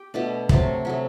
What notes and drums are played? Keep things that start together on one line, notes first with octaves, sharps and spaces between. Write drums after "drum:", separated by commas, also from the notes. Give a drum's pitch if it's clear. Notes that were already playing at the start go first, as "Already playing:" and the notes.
Already playing: G4 G5
B2 A3 D4
C3 F#3 A3 A4 A5, drum: kick
C3 F#3 A3